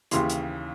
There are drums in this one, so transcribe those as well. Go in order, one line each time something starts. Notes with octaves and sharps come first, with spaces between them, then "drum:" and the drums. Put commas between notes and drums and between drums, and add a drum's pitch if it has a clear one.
D#2 C#3 E3 C6, drum: hi-hat
drum: hi-hat